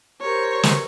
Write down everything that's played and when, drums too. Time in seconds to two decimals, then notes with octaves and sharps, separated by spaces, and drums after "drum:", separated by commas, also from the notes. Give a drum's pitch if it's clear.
0.21 G4 A#4 C5 C#5
0.63 drum: snare